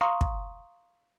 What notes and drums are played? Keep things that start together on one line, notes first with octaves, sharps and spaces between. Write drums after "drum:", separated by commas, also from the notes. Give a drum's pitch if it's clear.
F5 A#5 C6 C#6 D#6
drum: kick